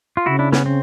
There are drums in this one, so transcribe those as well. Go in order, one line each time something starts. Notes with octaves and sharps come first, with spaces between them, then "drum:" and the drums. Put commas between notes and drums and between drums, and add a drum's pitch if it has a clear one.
F4
C#3 E4 F#4
D4 E4
B3 C#4, drum: snare
C4